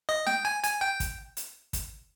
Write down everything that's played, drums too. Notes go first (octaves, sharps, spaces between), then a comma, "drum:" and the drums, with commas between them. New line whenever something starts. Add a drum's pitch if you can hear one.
D#5
G5, drum: snare
G#5
G#5, drum: hi-hat
G5
drum: kick, hi-hat
drum: hi-hat
drum: kick, hi-hat